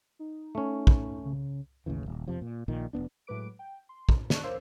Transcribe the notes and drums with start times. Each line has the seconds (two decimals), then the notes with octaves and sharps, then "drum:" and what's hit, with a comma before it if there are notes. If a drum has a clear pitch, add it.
0.19 D#4
0.55 A3 C#4
0.87 drum: kick
1.25 C#3
1.86 A1 D#2 C#3 E3
2.06 D#1
2.28 F2 C3 F3
2.41 A#2
2.68 A#1 A#2 D#3
2.93 F1 G#2 B3 D4
3.27 A2 F#3 G#3 B4 D6 D7
3.59 G5
3.89 C6
4.09 drum: kick
4.30 C5 D5 D#5 A5 C#6 F#6, drum: snare
4.43 A#4 C5 C#5 F5 D6 E6